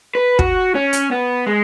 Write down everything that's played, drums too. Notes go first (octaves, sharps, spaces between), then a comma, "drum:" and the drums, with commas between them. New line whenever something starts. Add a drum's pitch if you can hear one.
B4
F#4, drum: kick
C#4
drum: hi-hat
B3
G#3